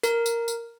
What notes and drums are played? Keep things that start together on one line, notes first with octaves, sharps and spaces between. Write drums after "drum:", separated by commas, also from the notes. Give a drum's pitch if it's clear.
A#4, drum: tambourine
drum: tambourine
drum: tambourine